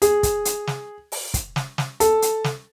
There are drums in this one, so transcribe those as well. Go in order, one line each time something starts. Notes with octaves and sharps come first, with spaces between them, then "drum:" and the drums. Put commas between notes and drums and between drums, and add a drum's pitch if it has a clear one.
G#4, drum: hi-hat
drum: kick, hi-hat
drum: hi-hat
drum: snare
drum: open hi-hat
drum: kick, hi-hat
drum: snare
drum: snare
A4, drum: hi-hat
drum: hi-hat
drum: snare